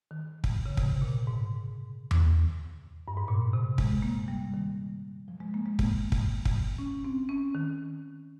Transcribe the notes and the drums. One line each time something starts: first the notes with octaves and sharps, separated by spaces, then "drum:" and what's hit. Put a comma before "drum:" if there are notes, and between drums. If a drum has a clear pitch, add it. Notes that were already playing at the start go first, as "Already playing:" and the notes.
D#3
drum: kick
C#3
C3, drum: kick
A#2
G#2
drum: tom E2
G2
G#2
A#2
C3
G#3, drum: kick
A#3
G3
D#3
F3
G#3
A#3
G#3
A#3, drum: kick
drum: kick
drum: kick
C#4
C4
C#4
D#3